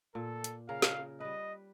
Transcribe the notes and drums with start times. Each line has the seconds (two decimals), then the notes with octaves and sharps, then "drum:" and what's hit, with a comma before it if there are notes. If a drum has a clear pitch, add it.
0.15 A#2 A4
0.44 drum: hi-hat
0.69 C#3 A#4 F5
0.82 drum: snare
1.20 G3 B4 D#5